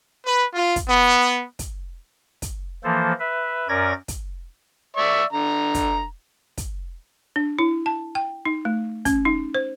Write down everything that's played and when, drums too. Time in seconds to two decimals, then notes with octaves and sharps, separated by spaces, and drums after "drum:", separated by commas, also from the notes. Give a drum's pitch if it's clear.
0.25 B4
0.54 F4
0.76 drum: kick, hi-hat
0.88 B3
1.59 drum: kick, hi-hat
2.42 drum: kick, hi-hat
2.84 E3 F3 A#3 A4 C5
3.20 B4 E5
3.69 F#2 C#4 A#4 D5 G#6 A#6
4.08 drum: kick, hi-hat
4.96 D5 E5 C#6
5.32 D3 A#5
5.74 drum: kick, hi-hat
6.58 drum: kick, hi-hat
7.36 D4
7.59 E4
7.86 A5
8.15 G5
8.45 D#4
8.65 A3
9.05 C#4, drum: kick, hi-hat
9.25 D#4
9.54 C5